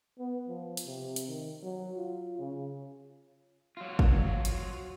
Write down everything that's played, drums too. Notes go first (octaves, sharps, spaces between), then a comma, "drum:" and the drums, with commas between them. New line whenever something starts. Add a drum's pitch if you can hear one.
B3
F3
drum: hi-hat
C3
drum: hi-hat
D#3
F#3
F4
C#3
F#3 F4
drum: kick
drum: hi-hat